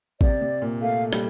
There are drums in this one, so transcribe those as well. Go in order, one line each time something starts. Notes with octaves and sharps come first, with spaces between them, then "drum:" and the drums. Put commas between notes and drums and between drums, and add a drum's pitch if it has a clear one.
C3 D5, drum: kick
C3
A#2
A3 F5
G3, drum: rim click